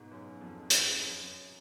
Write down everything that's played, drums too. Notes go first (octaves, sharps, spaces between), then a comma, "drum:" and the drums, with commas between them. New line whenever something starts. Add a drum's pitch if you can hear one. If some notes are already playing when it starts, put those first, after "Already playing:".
Already playing: G#2 B2
F#2
F2
F2, drum: hi-hat
F#2
F#2